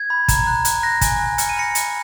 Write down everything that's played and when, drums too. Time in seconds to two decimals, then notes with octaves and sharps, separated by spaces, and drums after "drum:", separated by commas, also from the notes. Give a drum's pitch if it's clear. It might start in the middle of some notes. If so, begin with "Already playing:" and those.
Already playing: G#6
0.10 B5
0.28 A#5, drum: kick, hi-hat
0.47 F#6
0.65 F#6, drum: hi-hat
0.83 F#6 A#6
1.01 G#5, drum: kick, hi-hat
1.20 F#6
1.38 F6 C#7, drum: hi-hat
1.49 D#7
1.57 B5 A#6 C#7
1.75 B5, drum: hi-hat